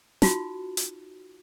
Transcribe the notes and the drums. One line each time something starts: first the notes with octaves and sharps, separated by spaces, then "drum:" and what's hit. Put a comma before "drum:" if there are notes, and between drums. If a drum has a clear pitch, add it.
D#4 F4 F#4, drum: snare
drum: hi-hat